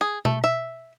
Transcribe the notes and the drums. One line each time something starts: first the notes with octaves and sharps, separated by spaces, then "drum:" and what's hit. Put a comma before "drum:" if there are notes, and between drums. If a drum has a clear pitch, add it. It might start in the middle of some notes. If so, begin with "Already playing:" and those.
G#4
A3, drum: tom B2
E5